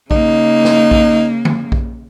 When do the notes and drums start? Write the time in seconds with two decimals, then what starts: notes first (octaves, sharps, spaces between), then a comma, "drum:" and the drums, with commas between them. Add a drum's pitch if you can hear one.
0.11 C#3 A#3 D#4, drum: kick A#1
0.64 drum: snare
0.91 drum: kick A#1
1.45 drum: tom
1.72 drum: kick A#1